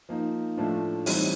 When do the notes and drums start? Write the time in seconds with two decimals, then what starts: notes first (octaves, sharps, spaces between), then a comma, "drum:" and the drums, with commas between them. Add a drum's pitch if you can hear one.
0.09 F3 A#3 D#4
0.57 A2 F3 A3 D4
1.06 E3 G3 C4 D#4 C#5, drum: open hi-hat